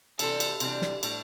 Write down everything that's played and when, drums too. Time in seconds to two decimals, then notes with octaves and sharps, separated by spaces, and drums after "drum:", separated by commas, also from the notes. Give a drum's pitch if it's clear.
0.19 C3 E3 G3 D4 A4, drum: cymbal
0.40 drum: cymbal
0.60 C3 E3 G3 D4, drum: cymbal
0.82 drum: snare
1.03 A2 G3 D4 A4, drum: cymbal